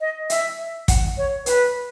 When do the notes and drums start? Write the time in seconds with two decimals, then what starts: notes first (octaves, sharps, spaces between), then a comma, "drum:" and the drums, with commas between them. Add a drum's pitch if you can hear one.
0.01 D#5
0.30 E5, drum: hi-hat
0.88 F#5, drum: kick, hi-hat
1.17 C#5
1.46 B4, drum: hi-hat